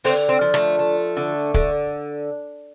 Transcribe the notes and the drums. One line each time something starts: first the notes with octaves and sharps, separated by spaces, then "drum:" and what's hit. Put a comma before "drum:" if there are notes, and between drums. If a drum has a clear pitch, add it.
D3 C4, drum: open hi-hat
C4
F3
A3, drum: rim click
A3
D3
D3, drum: kick